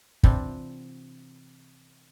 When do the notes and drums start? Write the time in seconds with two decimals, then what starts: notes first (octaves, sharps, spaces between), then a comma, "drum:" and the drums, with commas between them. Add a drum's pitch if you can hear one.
0.23 C3 E3 C4 D4 F4, drum: kick